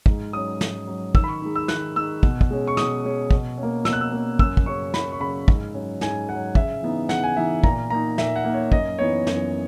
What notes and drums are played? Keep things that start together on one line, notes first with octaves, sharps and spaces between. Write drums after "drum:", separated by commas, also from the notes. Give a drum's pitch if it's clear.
G#2, drum: kick
F#3 C#4 D#6
G#2, drum: snare
F#3 C#4
D#3 E6, drum: kick
B5
C#6
G#3 D#4
E6
D#3 F#6, drum: snare
G#3 D#4 E6
B2, drum: kick
drum: kick
G#3 C#4
C#6
B2 D#6, drum: snare
G#3 C#4
B2, drum: kick
C#4
A#3
B2 E6, drum: snare
F#6
E6
A#3 C#4
F#2 E6, drum: kick
drum: kick
C#3 F#3 C#4 C#6
F#2 B5, drum: snare
C#6
C#3 F#3 C#4 B5
G#2, drum: kick
F#3 C#4
G#2 G#5, drum: snare
F#3 C#4 F#5
C#3 E5, drum: kick
E3 B3 D#4
C#3 F#5, drum: snare
G#5
E3 B3 D#4 E5
A#2 A#5, drum: kick
A#3 D#4 A#5
A#2 E5, drum: snare
F#5
A#3 D#4
C#5
F#2 D#5, drum: kick
E3 B3 D#4 C#5
F#2, drum: snare